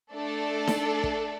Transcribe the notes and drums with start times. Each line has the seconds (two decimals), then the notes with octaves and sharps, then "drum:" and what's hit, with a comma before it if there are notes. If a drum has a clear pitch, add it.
0.13 A3 D4 A4 D5
0.67 drum: snare D#4
1.03 drum: kick